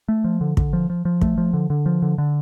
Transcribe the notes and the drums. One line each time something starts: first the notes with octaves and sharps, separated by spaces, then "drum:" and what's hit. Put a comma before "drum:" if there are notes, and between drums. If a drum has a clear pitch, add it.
A3
F3
D3
D3, drum: kick
F3
F3
F3
A3, drum: kick
F3
D3
D3
F3
D3
D3